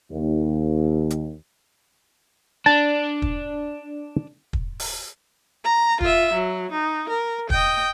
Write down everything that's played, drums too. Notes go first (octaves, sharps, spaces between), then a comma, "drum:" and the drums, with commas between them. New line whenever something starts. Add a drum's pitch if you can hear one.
D#2
drum: hi-hat
D4 A5
drum: kick
drum: kick
drum: open hi-hat
A#5
F4 E5, drum: kick
F#3
D#4
A#4
D#5 G5, drum: kick